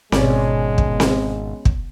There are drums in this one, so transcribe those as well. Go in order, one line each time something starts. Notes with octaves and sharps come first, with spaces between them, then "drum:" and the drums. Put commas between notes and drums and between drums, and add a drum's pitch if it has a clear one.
G#1 B2 G#3 C#4 D5, drum: snare C4
drum: kick
drum: snare C4
drum: kick